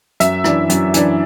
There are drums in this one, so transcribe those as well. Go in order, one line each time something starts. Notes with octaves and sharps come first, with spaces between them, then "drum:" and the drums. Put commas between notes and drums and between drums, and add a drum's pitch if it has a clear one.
F#2 E5, drum: hi-hat
E3 D4, drum: rim click
F#2, drum: hi-hat
E3 D4, drum: hi-hat